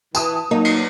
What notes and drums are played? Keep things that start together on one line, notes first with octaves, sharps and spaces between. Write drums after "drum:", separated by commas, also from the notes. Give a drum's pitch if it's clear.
E3 A5 D#6, drum: tambourine
F#3 A#3 D#4
drum: cymbal